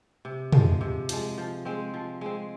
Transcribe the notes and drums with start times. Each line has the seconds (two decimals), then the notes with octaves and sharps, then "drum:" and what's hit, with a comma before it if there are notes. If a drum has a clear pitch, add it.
0.25 C3
0.53 F3 G#3, drum: tom
0.81 C3
1.09 F3 G#3, drum: hi-hat
1.38 F3
1.65 G#3 C4
1.94 F3
2.21 G#3 C4